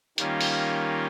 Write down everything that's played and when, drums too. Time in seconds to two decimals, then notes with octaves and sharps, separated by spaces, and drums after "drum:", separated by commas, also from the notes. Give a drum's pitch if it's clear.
0.18 D#3 G3 A#3 C#4 F4, drum: hi-hat
0.41 drum: open hi-hat